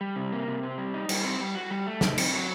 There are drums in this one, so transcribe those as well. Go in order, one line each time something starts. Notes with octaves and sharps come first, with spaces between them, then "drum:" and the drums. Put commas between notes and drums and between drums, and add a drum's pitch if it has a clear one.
G3
C3
A#3
C3
C4
G3
D#4
G3, drum: cymbal
C4
G3
F#4
G3
A3
D#4, drum: snare
C4, drum: cymbal
F#3